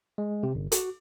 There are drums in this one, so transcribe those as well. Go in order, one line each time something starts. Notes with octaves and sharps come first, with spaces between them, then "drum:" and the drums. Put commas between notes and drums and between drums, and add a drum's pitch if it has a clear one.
G#3
C3
G1
F#4, drum: hi-hat